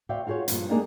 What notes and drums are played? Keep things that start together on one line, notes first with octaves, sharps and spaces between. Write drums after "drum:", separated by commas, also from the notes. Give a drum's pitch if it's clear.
F#4 C5 D5 E5 F5 G5
F4 F#4 G#4 C5 C#5
G2 A#2 F3, drum: hi-hat
G3 G#3 A#3 D4 D#4 G#4